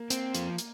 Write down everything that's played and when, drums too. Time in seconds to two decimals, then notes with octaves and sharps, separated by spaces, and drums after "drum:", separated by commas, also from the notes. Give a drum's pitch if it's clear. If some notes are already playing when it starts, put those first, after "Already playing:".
Already playing: A#3
0.10 C4, drum: hi-hat
0.35 F3, drum: hi-hat
0.58 drum: hi-hat